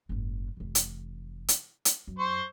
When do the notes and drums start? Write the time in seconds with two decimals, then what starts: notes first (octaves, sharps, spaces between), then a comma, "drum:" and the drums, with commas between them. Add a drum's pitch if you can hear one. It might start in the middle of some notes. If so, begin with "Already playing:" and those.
0.09 F#1 G#2
0.57 F1 E3
0.75 drum: hi-hat
1.48 drum: hi-hat
1.85 drum: hi-hat
2.07 F#2
2.19 C5 C6 C#6